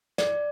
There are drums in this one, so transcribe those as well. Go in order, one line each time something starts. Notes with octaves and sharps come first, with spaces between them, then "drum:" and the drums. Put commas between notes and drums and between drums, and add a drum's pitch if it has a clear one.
D5, drum: snare